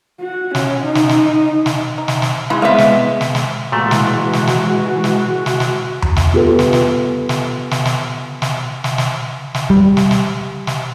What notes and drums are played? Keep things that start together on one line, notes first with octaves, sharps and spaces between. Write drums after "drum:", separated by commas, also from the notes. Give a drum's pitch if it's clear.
F#4
C#4, drum: snare
D#4
drum: snare
drum: snare
drum: snare
D#4
drum: snare
drum: snare
G#3 E4 G#4
G3 G#3 B3 C4 E5 F5
drum: snare
drum: snare
drum: snare
A#2 E3 G#3 A3 F#4
drum: snare
drum: snare
drum: snare
drum: snare
drum: snare
drum: snare
drum: tom E2
drum: snare
B3 F4 G4 A4 B4
drum: snare
drum: snare
drum: snare
drum: snare
drum: snare
drum: snare
drum: snare
drum: snare
drum: snare
G3
drum: snare
drum: snare
drum: snare